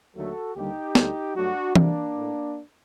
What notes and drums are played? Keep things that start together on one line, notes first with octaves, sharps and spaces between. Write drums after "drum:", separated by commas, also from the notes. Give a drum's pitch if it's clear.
D#2 D3 F#3 A3 F#4 A4
D#2 D3 G3 D#4 G4
D2 D3 G3, drum: snare
G2 F#3 A3 D4 F#4
D2 C3 G3 A#3 D4, drum: tom E3
A2 A3